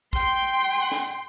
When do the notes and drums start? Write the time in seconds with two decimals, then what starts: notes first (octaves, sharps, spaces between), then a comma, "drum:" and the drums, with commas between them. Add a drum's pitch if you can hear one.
0.13 G5 C6, drum: kick A#1
0.92 drum: snare